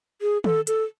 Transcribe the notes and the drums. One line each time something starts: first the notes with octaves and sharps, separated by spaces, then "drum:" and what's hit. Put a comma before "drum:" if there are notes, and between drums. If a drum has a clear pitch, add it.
G#4
A4, drum: tom D#3
A4, drum: hi-hat